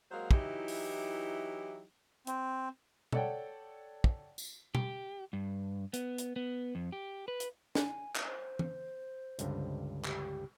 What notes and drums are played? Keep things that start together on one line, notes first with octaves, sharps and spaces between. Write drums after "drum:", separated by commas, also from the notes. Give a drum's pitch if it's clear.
F#3 G#3 A#3 F#4 C5 F5
E3 F#3 D#4 E4 G4, drum: kick
drum: open hi-hat
C4, drum: hi-hat
A4 C#5 D5 F#5 G5, drum: tom B2
drum: kick
drum: tambourine
G4, drum: tom B2
G2
B3, drum: hi-hat
drum: hi-hat
B3
F2
G4
B4
drum: hi-hat
G#5, drum: snare
drum: clap
C5
drum: tom E3
C#2 G2 D3, drum: hi-hat
G4, drum: clap